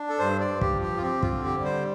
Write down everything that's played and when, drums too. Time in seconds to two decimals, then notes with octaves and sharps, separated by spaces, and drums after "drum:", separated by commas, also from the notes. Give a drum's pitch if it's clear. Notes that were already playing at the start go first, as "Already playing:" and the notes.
Already playing: D4
0.09 A4
0.19 G2 C5
0.40 D5
0.47 G2
0.61 G4, drum: kick
0.75 F3
0.82 G4
0.97 F4
1.02 C4 G4
1.23 F4, drum: kick
1.30 D3
1.44 G4
1.58 G3
1.65 C5